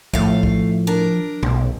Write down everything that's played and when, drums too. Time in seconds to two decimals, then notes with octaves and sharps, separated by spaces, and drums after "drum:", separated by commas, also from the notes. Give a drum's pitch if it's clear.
0.14 A2 F3 A3 F5, drum: kick A#1
0.43 drum: kick A#1
0.87 D4 A#4
1.43 B1 B2, drum: tom